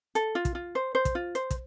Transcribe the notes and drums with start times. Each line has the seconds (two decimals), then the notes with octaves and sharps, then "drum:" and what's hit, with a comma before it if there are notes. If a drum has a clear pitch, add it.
0.15 A4, drum: hi-hat
0.35 F4
0.45 drum: kick, hi-hat
0.55 F4
0.75 C5
0.95 C5
1.05 drum: kick, hi-hat
1.15 F4
1.35 C5, drum: hi-hat
1.51 drum: kick, hi-hat